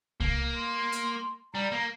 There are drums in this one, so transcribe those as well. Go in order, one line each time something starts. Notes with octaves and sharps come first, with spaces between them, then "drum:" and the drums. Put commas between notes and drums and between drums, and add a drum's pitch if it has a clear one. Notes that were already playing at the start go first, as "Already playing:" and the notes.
A#3, drum: kick C2
C6
drum: hi-hat
G3 A#5
A#3